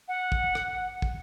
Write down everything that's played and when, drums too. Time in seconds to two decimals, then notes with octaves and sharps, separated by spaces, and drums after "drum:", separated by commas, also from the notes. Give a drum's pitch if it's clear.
0.08 F#5
0.32 drum: kick
0.55 drum: rim click
1.02 drum: kick